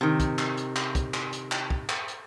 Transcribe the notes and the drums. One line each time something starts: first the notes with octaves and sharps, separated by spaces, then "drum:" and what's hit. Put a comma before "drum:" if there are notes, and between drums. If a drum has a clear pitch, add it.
C3 D#3
drum: kick, hi-hat
drum: clap
drum: hi-hat
drum: clap
drum: kick, hi-hat
drum: clap
drum: hi-hat
drum: clap
drum: kick
drum: clap
drum: hi-hat